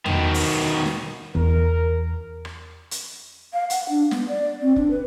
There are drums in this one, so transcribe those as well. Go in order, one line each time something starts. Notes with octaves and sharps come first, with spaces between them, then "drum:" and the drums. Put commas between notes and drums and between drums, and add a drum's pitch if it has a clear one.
B2 D#3, drum: tom E2
drum: open hi-hat
drum: snare
E2 A#4, drum: kick F1
drum: rim click
drum: hi-hat
F5
F#5, drum: hi-hat
D4
B3, drum: snare
D5
C4
D4, drum: kick F1
B4